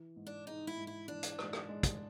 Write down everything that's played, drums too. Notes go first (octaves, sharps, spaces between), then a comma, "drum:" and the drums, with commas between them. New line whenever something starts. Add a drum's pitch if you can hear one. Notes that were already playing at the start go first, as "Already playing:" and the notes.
Already playing: E3
G#2
D4
G#3 D#4
E4
G#2
E4
E3 D4
drum: hi-hat
G#2, drum: rim click
drum: rim click
G#3
drum: kick, hi-hat